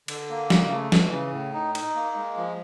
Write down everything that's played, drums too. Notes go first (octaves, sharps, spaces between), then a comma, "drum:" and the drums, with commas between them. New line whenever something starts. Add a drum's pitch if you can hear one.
D3, drum: cymbal
A#3
C#3, drum: snare
A3
E3, drum: snare
C#3
A2
D#4
D#4, drum: cymbal
A#3
G#3
F3